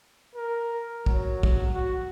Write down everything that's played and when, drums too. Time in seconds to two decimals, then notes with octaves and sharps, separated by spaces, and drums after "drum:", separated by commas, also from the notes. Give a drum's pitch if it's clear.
0.35 A#4
1.06 F#3, drum: kick
1.43 drum: kick
1.75 F#4